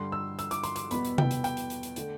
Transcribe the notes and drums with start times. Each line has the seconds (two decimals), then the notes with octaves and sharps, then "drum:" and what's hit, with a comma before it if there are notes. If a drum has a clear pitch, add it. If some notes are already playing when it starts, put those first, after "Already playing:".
Already playing: G2 D3 G3 C6
0.12 E6
0.39 E6, drum: hi-hat
0.51 D6, drum: hi-hat
0.64 C6, drum: hi-hat
0.76 D6, drum: hi-hat
0.91 E2 B2 G3 B3 B5, drum: hi-hat
1.05 drum: hi-hat
1.18 G5, drum: tom C3
1.31 drum: hi-hat
1.44 G5, drum: hi-hat
1.57 drum: hi-hat
1.70 drum: hi-hat
1.83 drum: hi-hat
1.96 D3 A3, drum: hi-hat